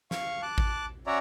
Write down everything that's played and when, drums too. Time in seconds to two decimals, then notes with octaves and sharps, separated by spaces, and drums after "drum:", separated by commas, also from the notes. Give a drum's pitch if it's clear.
0.11 F5 C#6, drum: snare
0.42 A5 D6 F#6
0.58 drum: kick G#1
1.07 C#4 F#4 C#5 D5 E5 A#5